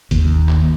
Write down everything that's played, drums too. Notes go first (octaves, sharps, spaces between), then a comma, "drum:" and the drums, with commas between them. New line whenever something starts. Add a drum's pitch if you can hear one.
D#2, drum: kick F1, hi-hat
drum: clap